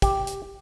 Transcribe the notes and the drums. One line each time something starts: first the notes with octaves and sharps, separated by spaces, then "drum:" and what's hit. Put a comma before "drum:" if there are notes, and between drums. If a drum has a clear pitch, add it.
G4, drum: kick, hi-hat
drum: hi-hat